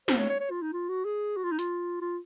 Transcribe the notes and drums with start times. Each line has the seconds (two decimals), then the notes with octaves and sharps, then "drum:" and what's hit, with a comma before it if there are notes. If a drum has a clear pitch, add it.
0.08 C5, drum: snare
0.19 C#5
0.29 C#5
0.40 C#5
0.51 F4
0.62 D#4
0.73 F4
0.89 F#4
1.05 G#4
1.37 F#4
1.44 F4
1.52 D#4
1.59 F4, drum: hi-hat
2.01 F4